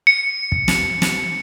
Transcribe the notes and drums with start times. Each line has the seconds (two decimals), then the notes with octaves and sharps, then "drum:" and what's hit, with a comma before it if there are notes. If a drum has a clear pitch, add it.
0.07 C#7
0.52 drum: kick
0.68 drum: snare
1.02 drum: snare